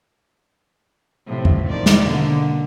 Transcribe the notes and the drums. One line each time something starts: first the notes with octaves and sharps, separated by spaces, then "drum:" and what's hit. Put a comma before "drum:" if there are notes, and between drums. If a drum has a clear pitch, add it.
A2 C3 F3
drum: tom E2
D#3 F3 D5
drum: snare
B2 D3 A#3